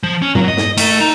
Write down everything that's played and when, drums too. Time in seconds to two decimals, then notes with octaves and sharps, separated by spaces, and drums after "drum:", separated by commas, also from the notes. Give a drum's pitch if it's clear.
0.03 F3
0.22 C#4
0.35 F#3, drum: tom
0.48 D#5
0.57 drum: snare
0.78 A3, drum: cymbal
1.00 D#4